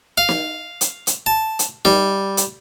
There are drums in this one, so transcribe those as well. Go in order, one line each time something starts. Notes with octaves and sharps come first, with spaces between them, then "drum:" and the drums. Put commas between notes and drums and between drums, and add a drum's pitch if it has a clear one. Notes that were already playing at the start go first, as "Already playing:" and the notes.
F5
drum: snare
drum: hi-hat
drum: hi-hat
A5
drum: hi-hat
G3, drum: snare
drum: hi-hat